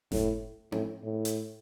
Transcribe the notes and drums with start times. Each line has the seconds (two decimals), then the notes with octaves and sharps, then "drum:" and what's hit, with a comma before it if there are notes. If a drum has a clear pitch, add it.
0.12 A2, drum: snare F#1
0.72 A2, drum: tom C4
1.03 A2
1.25 drum: hi-hat